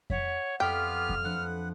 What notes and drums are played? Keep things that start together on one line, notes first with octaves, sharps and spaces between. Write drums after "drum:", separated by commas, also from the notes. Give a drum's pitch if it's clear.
C#5 E5 F#5, drum: kick F2
F2 B3 F4 G4 G5 F6 B6
drum: kick F2
F3 A3 D4 B4 F#5